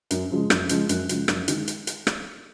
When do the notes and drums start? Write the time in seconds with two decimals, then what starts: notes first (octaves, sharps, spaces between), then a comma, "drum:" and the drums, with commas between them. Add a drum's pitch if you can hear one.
0.11 F#2, drum: hi-hat
0.30 C#3 F3 G#3
0.50 F#2 G6, drum: rim click
0.69 C#3 F3 G#3, drum: hi-hat
0.89 F#2 F#6, drum: hi-hat
1.09 C#3 F3 G#3, drum: hi-hat
1.28 F#2, drum: rim click
1.48 D#3 G#3, drum: hi-hat
1.68 drum: hi-hat
1.87 drum: hi-hat
2.07 drum: rim click